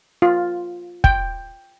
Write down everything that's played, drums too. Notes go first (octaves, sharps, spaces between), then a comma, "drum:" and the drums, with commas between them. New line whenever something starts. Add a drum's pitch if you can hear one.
F4
G5, drum: kick